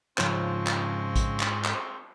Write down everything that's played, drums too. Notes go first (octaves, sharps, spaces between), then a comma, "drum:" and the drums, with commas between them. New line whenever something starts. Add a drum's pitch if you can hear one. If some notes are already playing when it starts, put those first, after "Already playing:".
G#2 C#3 F3 G#3 C4 F4 C5 C#6, drum: clap
drum: clap
drum: kick A1, hi-hat
drum: clap
drum: clap